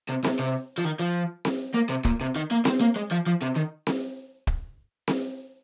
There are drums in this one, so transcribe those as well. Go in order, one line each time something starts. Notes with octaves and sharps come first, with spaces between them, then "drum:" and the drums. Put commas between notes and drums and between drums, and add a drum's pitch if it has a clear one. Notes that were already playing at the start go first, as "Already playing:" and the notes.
C3
C3, drum: snare C4
C3
F3
D#3
F3
drum: snare C4
A#3
C3
A#2, drum: kick
C3
D#3
A#3
C4, drum: snare C4
A#3
G#3
F3
F3
C3
D#3
drum: snare C4
drum: kick
drum: snare C4